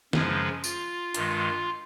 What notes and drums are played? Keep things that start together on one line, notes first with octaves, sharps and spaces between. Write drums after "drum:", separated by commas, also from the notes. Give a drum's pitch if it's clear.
F#2 C#3 F3 G#3 B4, drum: snare
F4, drum: tambourine
G2 D#3 G#3, drum: hi-hat